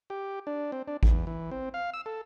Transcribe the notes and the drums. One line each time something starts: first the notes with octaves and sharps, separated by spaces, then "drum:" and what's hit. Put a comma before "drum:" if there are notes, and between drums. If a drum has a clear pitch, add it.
G4
D4
C4
D4
E2, drum: kick A1
E3
C4
F5
E6
A4